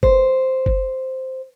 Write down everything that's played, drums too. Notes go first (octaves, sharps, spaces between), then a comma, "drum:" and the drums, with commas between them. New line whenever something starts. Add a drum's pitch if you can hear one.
C5, drum: kick F#1
drum: kick F#1